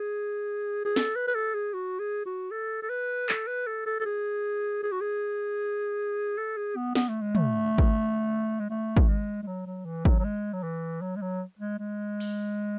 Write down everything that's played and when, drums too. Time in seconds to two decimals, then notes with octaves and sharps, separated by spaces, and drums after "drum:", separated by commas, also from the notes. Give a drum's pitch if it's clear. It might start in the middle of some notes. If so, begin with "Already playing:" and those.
Already playing: G#4
0.85 G#4
0.96 A4, drum: snare
1.16 B4
1.27 B4
1.35 A4
1.54 G#4
1.74 F#4
1.99 G#4
2.26 F#4
2.51 A4
2.83 A4
2.90 B4
3.29 A4, drum: clap
3.47 B4
3.67 A4
3.86 A4
4.00 A4
4.06 G#4
4.83 G#4
4.92 F#4
5.01 G#4
6.38 A4
6.57 G#4
6.76 B3
6.95 B3, drum: snare
7.09 A3
7.22 G#3
7.35 A3, drum: tom
7.78 drum: kick
8.60 G#3
8.70 A3
8.97 drum: kick
9.08 G#3
9.43 G#3
9.47 F#3
9.66 F#3
9.85 E3
10.05 F#3, drum: kick
10.19 F#3
10.24 G#3
10.53 F#3
10.63 E3
11.02 F#3
11.16 G#3
11.22 F#3
11.59 G#3
11.79 G#3
12.20 drum: open hi-hat